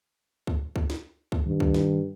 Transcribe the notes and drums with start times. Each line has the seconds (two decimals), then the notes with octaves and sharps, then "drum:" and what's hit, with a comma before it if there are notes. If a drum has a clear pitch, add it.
0.47 drum: kick C#2
0.76 drum: kick C#2
0.90 drum: snare
1.32 drum: kick C#2
1.46 G2 D#3
1.60 drum: kick C#2
1.74 drum: snare